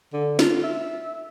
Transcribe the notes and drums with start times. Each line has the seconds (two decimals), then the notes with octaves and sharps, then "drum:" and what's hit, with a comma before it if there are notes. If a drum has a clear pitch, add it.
0.13 D3
0.39 F4, drum: snare
0.63 E5